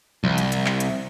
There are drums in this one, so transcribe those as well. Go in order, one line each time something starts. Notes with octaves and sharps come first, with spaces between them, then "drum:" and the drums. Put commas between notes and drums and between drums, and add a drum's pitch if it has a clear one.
C2, drum: tom E3
drum: hi-hat
drum: hi-hat
drum: clap
drum: hi-hat